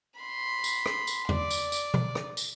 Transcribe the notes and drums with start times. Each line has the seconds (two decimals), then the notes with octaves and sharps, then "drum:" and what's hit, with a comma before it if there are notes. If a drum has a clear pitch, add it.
0.20 B5 C6
0.64 drum: tambourine
0.86 drum: rim click
1.07 drum: tambourine
1.29 D5, drum: tom E2
1.50 drum: tambourine
1.72 drum: tambourine
1.94 drum: tom B2
2.15 drum: rim click
2.37 drum: tambourine